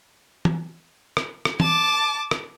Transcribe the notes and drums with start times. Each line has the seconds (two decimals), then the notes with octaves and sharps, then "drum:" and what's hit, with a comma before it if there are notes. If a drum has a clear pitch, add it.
0.45 drum: tom
1.17 drum: rim click
1.45 drum: rim click
1.60 A5 D6, drum: tom
2.31 drum: rim click